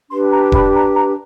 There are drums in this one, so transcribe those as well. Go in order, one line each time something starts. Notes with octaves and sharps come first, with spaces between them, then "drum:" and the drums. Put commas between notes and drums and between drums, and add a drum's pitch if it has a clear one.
D4 G4 B4 C6
A#5
B5, drum: kick E1
A#5
A#5